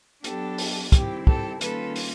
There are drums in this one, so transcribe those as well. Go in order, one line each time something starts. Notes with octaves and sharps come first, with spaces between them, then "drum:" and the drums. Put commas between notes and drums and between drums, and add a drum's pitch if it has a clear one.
F#3 B3 D4 G4 A4, drum: hi-hat
drum: open hi-hat
D#3 G3 C4 E4 G4, drum: kick, hi-hat
G4 A4, drum: kick
D#3 G3 A#3 C#4 F4 A4 B4, drum: hi-hat
drum: open hi-hat